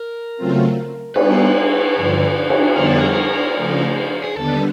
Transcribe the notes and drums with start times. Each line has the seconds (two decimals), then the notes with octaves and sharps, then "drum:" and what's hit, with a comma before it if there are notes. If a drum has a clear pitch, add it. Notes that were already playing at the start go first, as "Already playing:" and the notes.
Already playing: A#4
0.37 C#3 F#3 A3 C4 F4
1.16 G3 B3 D4 B4, drum: cymbal
1.96 G2 D3 F3
2.50 drum: cymbal
2.75 F2 D3 G3 B3 D4 A#4
2.86 A4
2.98 A#4
3.56 C#3 F3 A3
4.24 G#4
4.35 D#2 D3 G3 B3 D4 A4